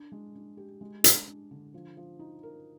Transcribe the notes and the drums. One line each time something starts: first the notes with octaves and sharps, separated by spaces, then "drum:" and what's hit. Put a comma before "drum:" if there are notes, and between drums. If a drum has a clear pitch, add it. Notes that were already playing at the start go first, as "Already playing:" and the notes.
Already playing: D4
G#3
D4
G4
G#3
D4, drum: hi-hat
D4
D3
F3
F3
D#4
A#4